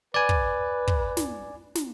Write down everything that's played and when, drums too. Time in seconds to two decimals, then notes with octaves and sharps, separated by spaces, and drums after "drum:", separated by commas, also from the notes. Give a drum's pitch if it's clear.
0.14 B4 D5 G#5
0.29 drum: kick
0.88 drum: kick
1.17 drum: snare
1.75 drum: snare